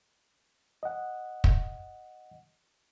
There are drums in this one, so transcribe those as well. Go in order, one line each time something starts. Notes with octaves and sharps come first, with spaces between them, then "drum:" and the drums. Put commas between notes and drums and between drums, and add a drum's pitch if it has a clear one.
D#5 F#5
drum: kick